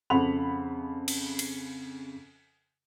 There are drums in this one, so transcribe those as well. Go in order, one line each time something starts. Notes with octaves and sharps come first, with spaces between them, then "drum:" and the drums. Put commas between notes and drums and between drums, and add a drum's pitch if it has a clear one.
F2 C#3 C4 F#5 B5 F7
drum: cymbal
drum: cymbal